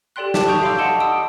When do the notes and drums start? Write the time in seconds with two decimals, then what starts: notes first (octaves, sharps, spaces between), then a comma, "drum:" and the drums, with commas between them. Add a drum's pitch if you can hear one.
0.16 G4 A4 D5 G5 C6 F#6
0.34 D5 E5 A5 D6, drum: snare
0.48 C#6 D#6 G6 D7 F7
0.62 E5 F5 B5 C6 D6 E6
0.78 D#5 F#5 A5 C6 D6
1.00 D#6 E6 D7